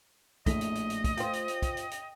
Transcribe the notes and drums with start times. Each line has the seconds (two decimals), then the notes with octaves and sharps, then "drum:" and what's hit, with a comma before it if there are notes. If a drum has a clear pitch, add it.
0.46 A#1 A2 A3 D#5 B6, drum: kick, hi-hat
0.61 drum: hi-hat
0.75 drum: hi-hat
0.90 drum: hi-hat
1.04 drum: kick, hi-hat
1.17 F4 C5 G5 D#6, drum: hi-hat
1.33 drum: hi-hat
1.48 drum: hi-hat
1.62 drum: kick, hi-hat
1.77 drum: hi-hat
1.91 drum: hi-hat